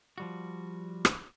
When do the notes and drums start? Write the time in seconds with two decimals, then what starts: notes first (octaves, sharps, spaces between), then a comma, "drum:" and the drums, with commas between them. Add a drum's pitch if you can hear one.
0.18 F3 G3 F#4
1.05 drum: rim click